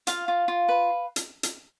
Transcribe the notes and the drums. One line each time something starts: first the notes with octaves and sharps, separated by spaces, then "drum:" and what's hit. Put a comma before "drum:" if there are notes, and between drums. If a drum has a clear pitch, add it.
F4 F5, drum: hi-hat
F4
F4
B4
drum: hi-hat
drum: hi-hat